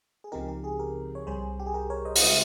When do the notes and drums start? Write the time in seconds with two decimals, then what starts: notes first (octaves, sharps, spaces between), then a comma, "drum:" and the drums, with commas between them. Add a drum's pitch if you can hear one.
0.24 G#4
0.32 C#2 C#3 F3 C4 D#4 G4 A#4
0.48 G4
0.64 G#4
0.79 G4 A#4
1.15 C#5
1.27 C2 C3 G3 G#4 C5
1.60 G4
1.66 G#4
1.74 G4 A#4
1.90 A#4 C#5
2.05 C5 D#5
2.15 F5, drum: open hi-hat
2.21 C#3 G#3 C4 C5 D#5